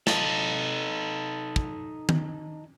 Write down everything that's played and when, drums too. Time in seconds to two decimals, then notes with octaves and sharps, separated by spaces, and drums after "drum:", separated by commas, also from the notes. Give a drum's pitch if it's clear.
0.07 D#4 A4, drum: snare
1.56 drum: kick
2.09 drum: tom D#3